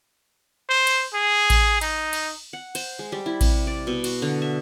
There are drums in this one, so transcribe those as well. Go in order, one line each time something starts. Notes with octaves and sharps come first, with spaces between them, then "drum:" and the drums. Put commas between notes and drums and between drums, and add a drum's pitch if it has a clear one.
C5
drum: cymbal
G#4
drum: kick A1, cymbal
D#4, drum: cymbal
drum: cymbal
F#5
C5, drum: cymbal
G#3
G3
E4
C3, drum: kick A1, cymbal
D5
B2
F#4, drum: cymbal
D3
E5